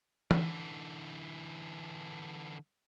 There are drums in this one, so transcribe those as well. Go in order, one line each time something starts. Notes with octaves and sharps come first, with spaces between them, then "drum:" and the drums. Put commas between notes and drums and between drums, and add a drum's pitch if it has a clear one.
D3 E3, drum: tom